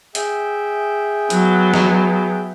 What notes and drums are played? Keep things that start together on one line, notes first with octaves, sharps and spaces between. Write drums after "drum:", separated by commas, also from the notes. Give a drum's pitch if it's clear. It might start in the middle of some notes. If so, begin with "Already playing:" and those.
G#4 E5 G5, drum: hi-hat
F#3 B3, drum: hi-hat
drum: snare